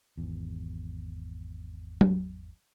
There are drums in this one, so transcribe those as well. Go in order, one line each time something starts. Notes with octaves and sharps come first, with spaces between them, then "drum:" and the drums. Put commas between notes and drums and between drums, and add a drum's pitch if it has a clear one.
G#1 E2
drum: tom F#3